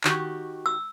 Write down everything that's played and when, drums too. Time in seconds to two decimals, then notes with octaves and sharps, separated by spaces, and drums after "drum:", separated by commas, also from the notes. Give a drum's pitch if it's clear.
0.04 D#3 F#4 G4, drum: clap
0.66 E6